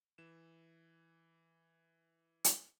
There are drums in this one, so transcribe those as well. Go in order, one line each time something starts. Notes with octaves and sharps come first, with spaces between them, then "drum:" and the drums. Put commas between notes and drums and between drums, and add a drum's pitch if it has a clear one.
E3 E7
drum: hi-hat